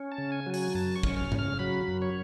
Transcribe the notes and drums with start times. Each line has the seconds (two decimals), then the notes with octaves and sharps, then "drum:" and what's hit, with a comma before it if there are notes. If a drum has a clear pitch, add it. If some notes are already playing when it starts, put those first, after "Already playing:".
Already playing: C#4
0.12 A5
0.18 C#3
0.32 G#5
0.47 F#3
0.54 G#5, drum: open hi-hat
0.75 F#2 A5
0.96 C#6
1.03 C#4, drum: kick
1.17 F6
1.32 C#3, drum: tom G#2
1.39 F6
1.59 F#3 B5
1.88 F#2
2.02 C#5